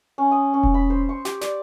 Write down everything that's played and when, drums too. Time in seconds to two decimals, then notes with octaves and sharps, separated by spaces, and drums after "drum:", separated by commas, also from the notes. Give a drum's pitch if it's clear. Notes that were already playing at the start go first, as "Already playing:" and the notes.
0.18 C#4
0.31 D#6
0.54 C#4
0.63 drum: kick E1
0.74 B5
0.90 C5
1.09 C#6
1.25 G4, drum: snare
1.41 D5, drum: snare